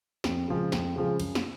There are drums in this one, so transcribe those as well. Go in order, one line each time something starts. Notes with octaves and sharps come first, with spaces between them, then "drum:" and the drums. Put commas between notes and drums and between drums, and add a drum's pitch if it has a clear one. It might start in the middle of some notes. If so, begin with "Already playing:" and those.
F2, drum: snare
C#3 F3 G#3
F2, drum: snare
C#3 F3 G#3
F#2, drum: cymbal
drum: snare